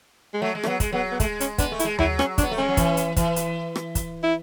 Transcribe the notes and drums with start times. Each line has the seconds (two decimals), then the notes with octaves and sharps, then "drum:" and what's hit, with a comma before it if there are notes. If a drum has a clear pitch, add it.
0.34 G#3
0.42 F#3 A3
0.55 G#3
0.63 A3, drum: rim click
0.67 F#3 B3
0.80 G#3, drum: kick, hi-hat
0.92 F#3 B3
1.11 B3
1.20 G#3 A3, drum: kick, hi-hat
1.40 C#4, drum: hi-hat
1.58 B3 D4, drum: kick, hi-hat
1.72 A3
1.79 E4, drum: hi-hat
1.85 G#3
1.99 F#3 E4, drum: tom D#2
2.19 C#4, drum: rim click
2.38 D4, drum: kick, hi-hat
2.43 B3
2.51 A3
2.58 G#3 C#4
2.68 F#3
2.77 E3, drum: kick, hi-hat
2.97 drum: hi-hat
3.16 E3, drum: kick, hi-hat
3.36 drum: hi-hat
3.76 drum: rim click
3.95 drum: kick, hi-hat
4.23 E4